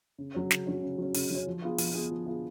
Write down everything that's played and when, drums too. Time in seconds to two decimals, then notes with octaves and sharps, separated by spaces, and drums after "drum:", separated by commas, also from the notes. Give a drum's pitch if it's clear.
0.18 C#3
0.34 F#3 C#4
0.51 C#3, drum: snare
0.67 F#3 C#4
0.83 C#3
0.98 F#3 C#4
1.14 C#3, drum: open hi-hat
1.30 F#3 C#4
1.47 F3
1.62 B3 F4 G#4
1.78 F3, drum: open hi-hat
1.94 B3 F4 G#4
2.11 F3
2.26 B3 F4 G#4